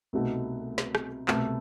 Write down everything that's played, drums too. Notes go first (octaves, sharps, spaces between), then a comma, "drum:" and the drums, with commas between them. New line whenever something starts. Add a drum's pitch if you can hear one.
C2 B2 A3 D#4 F#4
drum: snare
drum: rim click
C2 B2 A3, drum: clap